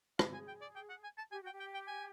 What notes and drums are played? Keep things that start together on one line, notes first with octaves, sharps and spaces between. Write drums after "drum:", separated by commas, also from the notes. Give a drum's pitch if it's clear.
G#4 F5, drum: rim click
A4
G#5
G#4
G5
D5
G5
F#5
G#5
A5
G4 G#5
F#4 G5
G4
G5
G5
G#5